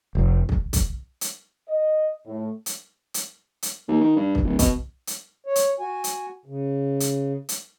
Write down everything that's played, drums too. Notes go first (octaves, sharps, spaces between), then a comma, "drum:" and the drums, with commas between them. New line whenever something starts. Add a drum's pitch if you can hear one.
F1
drum: kick
drum: kick, hi-hat
drum: hi-hat
D#5
A2
drum: hi-hat
drum: hi-hat
drum: hi-hat
D#2
D#3
G2
drum: kick
D1
B2, drum: kick, hi-hat
drum: hi-hat
C#5
drum: hi-hat
F#4 G#5
drum: hi-hat
C#3
drum: hi-hat
drum: hi-hat